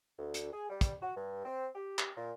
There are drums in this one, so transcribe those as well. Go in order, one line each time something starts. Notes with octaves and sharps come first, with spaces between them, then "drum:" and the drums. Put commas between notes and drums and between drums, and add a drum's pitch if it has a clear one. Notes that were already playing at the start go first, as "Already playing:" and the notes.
D2
drum: hi-hat
G#4
G3
drum: kick, hi-hat
F#4
G2
C4
G4
drum: clap
A#2